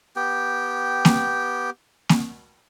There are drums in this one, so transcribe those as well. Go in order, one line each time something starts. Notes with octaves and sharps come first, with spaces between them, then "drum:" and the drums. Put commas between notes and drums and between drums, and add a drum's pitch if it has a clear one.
B3 G4 G5
drum: snare A#3
drum: snare A#3